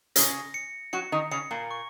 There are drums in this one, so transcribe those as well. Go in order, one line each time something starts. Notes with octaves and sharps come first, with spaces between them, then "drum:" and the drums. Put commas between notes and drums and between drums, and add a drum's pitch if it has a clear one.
C#3 C#4 A#6, drum: hi-hat
C#7
F#3 F#4 C#7
D#3 D#4
C#3 C#4 C#7
A#2 A#3
C#6